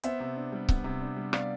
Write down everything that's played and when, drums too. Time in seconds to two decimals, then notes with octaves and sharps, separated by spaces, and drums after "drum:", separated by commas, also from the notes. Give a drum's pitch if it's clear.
0.04 B3 C5 E5, drum: hi-hat
0.20 C3
0.36 D4
0.52 G3
0.69 B3, drum: kick C#1
0.84 C3
1.01 D4
1.17 G3
1.33 B3 D5 F5, drum: rim click